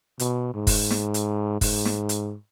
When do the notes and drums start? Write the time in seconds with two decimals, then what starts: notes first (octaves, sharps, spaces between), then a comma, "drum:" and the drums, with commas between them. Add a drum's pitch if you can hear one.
0.19 B2, drum: hi-hat
0.54 G#2
0.67 drum: kick, open hi-hat
0.90 drum: snare
1.14 drum: hi-hat
1.61 G#2, drum: kick, open hi-hat
1.85 drum: snare
2.09 drum: hi-hat